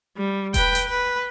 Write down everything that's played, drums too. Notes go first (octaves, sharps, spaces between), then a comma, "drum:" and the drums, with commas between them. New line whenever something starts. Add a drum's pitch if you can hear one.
G3
B4 G5, drum: kick E1, hi-hat
drum: hi-hat
B4